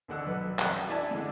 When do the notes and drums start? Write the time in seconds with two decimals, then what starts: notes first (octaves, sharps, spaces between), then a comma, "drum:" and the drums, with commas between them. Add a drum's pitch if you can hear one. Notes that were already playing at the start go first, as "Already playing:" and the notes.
0.08 D#2 D3 F#5 E6
0.25 B1 B4
0.59 F#2 G5 F#6, drum: clap
0.89 D4 E4 D5 E5 G#5 A5
1.11 D3 G#3